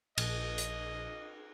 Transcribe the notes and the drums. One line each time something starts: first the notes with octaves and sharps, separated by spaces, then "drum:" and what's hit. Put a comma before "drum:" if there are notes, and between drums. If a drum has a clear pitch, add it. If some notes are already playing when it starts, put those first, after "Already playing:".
A#1 D#5, drum: cymbal
drum: hi-hat